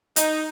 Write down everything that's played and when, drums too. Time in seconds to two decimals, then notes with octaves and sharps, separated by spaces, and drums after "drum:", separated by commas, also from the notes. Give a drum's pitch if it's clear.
0.16 D#4, drum: hi-hat